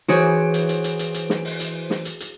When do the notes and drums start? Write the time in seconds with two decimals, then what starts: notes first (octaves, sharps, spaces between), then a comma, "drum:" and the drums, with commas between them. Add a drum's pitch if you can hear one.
0.08 E3 F#4 G#4 C5 C#5 D7, drum: snare
0.54 drum: hi-hat
0.69 drum: hi-hat
0.84 drum: hi-hat
0.99 drum: hi-hat
1.14 drum: hi-hat
1.30 drum: snare
1.45 drum: open hi-hat
1.60 drum: hi-hat
1.90 drum: snare
2.05 drum: hi-hat
2.20 drum: hi-hat